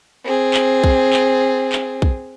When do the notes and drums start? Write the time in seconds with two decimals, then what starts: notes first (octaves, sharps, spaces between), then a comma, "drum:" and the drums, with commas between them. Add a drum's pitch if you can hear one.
0.24 C4 G#4
0.54 drum: clap
0.84 drum: kick
1.13 drum: clap
1.72 drum: clap
2.02 drum: kick